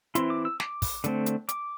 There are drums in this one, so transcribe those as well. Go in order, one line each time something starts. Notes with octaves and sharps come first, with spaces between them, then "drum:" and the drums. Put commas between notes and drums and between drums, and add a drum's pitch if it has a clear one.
E3 C4 E4 C6, drum: hi-hat
D6
E6
D6, drum: snare
drum: kick, open hi-hat
D3 A3 C4, drum: hi-hat
drum: hi-hat
D6, drum: hi-hat